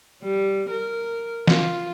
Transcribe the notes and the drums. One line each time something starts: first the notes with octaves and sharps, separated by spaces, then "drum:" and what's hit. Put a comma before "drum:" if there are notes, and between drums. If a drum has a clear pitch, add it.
G3
A#4
F4, drum: snare